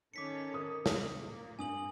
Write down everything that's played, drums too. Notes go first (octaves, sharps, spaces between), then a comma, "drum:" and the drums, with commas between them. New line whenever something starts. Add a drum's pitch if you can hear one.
D#3 C#4 A4 D6 B6 C#7
A#4 D#6
C#3, drum: snare
A#2 A#3
G2 G#5 D#6 F#7